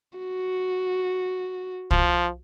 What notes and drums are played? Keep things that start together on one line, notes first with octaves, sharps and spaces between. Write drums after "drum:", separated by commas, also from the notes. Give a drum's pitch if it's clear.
F#4
F3, drum: kick